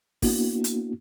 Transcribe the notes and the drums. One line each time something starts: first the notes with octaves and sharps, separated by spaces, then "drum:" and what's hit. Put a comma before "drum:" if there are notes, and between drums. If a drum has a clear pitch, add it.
A#3 B3 D4 E4 F#4, drum: kick, open hi-hat
drum: hi-hat